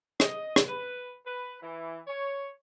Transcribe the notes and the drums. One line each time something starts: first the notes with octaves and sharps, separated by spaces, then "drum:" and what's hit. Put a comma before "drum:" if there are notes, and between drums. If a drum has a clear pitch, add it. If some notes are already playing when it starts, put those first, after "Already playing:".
D#5, drum: rim click
drum: rim click
B4
B4
E3
C#5